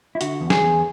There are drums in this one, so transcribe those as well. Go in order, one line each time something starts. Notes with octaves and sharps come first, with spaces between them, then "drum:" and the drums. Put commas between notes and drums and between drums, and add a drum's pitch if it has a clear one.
E4
D3 F#4, drum: hi-hat
E2
G#4, drum: snare
E2